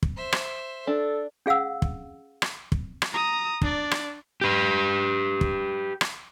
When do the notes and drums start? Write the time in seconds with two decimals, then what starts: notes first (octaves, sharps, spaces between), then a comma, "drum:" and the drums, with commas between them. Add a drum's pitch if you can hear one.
0.03 drum: kick
0.16 C5 E5
0.32 drum: rim click
0.87 D4 A4
1.46 C#4 G#4 F5 F#5 E6
1.82 drum: kick
2.42 drum: rim click
2.72 drum: kick
3.02 drum: rim click
3.12 A#5 D#6
3.62 D4 D5, drum: kick
3.91 drum: rim click
4.41 G4 B4
5.41 drum: kick
6.01 drum: rim click